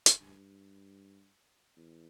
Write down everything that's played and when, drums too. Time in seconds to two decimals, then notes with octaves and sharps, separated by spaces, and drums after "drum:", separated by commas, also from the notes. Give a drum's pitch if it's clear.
0.06 drum: hi-hat
0.21 G2
1.76 E2